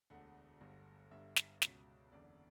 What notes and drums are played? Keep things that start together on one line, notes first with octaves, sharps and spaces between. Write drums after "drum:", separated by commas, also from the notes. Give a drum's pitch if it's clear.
E1 D2 D3 F#5
G1 G2 D3
G1 G2 D3 E5
drum: snare
C#2 B2, drum: snare
F#1 E2 D3 D5